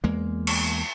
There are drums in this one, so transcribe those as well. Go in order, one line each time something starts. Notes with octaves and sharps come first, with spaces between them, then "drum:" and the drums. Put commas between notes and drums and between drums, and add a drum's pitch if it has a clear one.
E2 G#3 A#3
drum: cymbal